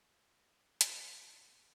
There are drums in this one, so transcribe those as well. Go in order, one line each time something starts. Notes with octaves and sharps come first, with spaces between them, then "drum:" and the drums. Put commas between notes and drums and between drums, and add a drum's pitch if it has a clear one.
E3
F3
E3
D3 F3
E3 G3, drum: hi-hat
G3
F3 A3
A3 C4
A#3 D4